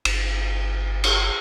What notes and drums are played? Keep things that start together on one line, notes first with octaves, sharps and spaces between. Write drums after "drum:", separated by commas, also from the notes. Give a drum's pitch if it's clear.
G1, drum: cymbal
drum: cymbal